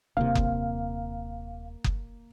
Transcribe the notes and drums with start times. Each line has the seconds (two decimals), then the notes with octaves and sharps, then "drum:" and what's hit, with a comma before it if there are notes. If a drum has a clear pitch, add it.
0.17 D#1 C3 A#3 F5
0.35 drum: kick F#1
1.84 drum: kick F#1